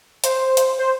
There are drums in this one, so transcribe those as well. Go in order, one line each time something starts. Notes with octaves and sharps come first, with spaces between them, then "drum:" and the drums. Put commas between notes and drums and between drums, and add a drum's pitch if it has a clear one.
C5, drum: hi-hat
drum: hi-hat
C5